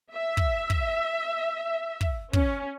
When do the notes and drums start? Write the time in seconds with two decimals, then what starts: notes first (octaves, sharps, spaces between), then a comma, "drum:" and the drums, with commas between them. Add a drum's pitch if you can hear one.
0.13 E5
0.37 drum: kick
0.70 drum: kick
2.01 drum: kick
2.33 C#4, drum: kick